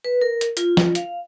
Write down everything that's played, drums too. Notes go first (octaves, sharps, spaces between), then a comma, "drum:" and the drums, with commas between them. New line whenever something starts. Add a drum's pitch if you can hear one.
B4
A#4
drum: hi-hat
F4, drum: hi-hat
drum: snare
F5, drum: hi-hat